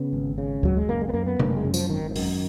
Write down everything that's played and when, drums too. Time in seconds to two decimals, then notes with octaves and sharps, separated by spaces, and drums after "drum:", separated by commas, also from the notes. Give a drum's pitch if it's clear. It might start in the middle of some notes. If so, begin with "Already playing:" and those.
Already playing: C#3 B3
0.13 G#1
0.38 C#3
0.63 G#1 F#3, drum: kick D2
0.77 G#3
0.89 F#1 A#3
1.01 G#3
1.08 B3
1.14 F#2 A#3
1.26 B3
1.39 F#1 A#3, drum: tom C3
1.57 G#3
1.65 F#2
1.74 F3, drum: tambourine
1.90 G#1 D#3
2.11 F3
2.16 F#2 D#3, drum: open hi-hat